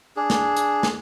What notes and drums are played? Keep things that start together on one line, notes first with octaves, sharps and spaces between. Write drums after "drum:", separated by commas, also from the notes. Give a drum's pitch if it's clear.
D4 G#4
drum: snare
drum: hi-hat
drum: snare